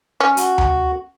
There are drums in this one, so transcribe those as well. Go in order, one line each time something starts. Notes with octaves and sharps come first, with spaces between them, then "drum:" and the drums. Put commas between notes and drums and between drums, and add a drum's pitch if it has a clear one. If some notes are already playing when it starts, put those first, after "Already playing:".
C#4
F#4, drum: hi-hat
drum: tom D2